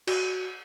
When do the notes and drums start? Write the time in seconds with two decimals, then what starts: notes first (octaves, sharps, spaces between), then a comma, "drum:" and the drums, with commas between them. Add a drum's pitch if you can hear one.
0.07 F#4, drum: cymbal